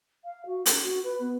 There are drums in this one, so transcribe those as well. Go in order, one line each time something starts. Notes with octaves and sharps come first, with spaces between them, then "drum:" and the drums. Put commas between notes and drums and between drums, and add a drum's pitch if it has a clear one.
F5
F#4
C#4, drum: hi-hat
F#4
B4
B3